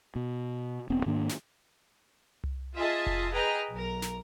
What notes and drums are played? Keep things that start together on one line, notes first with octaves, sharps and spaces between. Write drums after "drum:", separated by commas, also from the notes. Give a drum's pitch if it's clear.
B2
E1 B3 C4
G#2 D#3 A#3 D4
drum: snare
drum: tom C2
F4 G#4 D#5 E5 A5
drum: kick F1
G#4 B4 D#5 G5 A#5 F6
B1 A#4
drum: snare